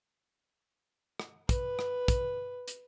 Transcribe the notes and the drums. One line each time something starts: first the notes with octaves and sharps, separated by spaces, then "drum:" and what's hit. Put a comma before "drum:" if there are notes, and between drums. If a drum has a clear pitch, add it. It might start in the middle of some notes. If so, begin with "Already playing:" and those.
drum: rim click
B4, drum: kick, hi-hat
drum: rim click
drum: kick, hi-hat
drum: hi-hat